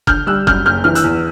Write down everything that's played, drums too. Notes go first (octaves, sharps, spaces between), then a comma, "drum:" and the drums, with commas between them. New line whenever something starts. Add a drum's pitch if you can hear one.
D3 F6 G6, drum: kick F#1
G3 E6 F#6
F#2 F6 G6, drum: kick F#1
F#1 F6 G6
E3 F6
E6 F#6, drum: hi-hat
E2